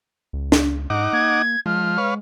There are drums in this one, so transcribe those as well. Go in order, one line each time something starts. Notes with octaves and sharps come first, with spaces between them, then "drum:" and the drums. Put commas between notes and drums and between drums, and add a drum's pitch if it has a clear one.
C#2
drum: snare
G#2 D#4 F#5 D6
A#3 G#6
F3 G#3 F6
B4 C#5 F5